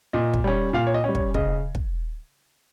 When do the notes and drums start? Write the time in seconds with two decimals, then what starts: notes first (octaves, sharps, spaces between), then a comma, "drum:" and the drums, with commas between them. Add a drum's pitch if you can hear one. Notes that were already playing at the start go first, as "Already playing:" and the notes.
0.13 A#2 D#5
0.34 drum: kick
0.44 G3 C#4
0.73 A#2 F5
0.87 C#5
0.94 D#5
1.04 G3 C#4
1.15 C#5, drum: kick
1.34 C#3 D#5, drum: kick
1.75 drum: kick